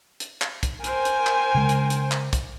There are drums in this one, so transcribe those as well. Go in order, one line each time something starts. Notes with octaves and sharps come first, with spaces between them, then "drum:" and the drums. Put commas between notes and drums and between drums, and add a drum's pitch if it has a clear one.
drum: hi-hat
drum: clap
drum: kick, hi-hat
A#4 C5 G5 G#5, drum: hi-hat
drum: hi-hat
drum: clap
C#3 G#3
drum: hi-hat
drum: hi-hat
drum: clap
drum: kick, hi-hat